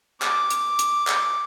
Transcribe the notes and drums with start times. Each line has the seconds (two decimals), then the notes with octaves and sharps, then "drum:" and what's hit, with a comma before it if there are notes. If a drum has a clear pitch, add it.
0.22 D6, drum: clap
0.50 drum: hi-hat
0.79 drum: hi-hat
1.07 drum: clap